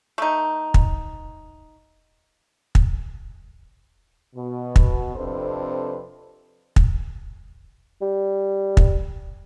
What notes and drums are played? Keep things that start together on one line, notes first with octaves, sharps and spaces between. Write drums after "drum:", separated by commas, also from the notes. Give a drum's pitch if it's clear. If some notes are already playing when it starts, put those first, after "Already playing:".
A3 D#4
drum: kick
drum: kick
B2
drum: kick
F2 C3 D4 A4 B4 C5
drum: kick
G3
drum: kick